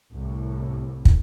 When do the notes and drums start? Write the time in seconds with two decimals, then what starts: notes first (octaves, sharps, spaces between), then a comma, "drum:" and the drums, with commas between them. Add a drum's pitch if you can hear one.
0.14 C2 A2
1.05 drum: kick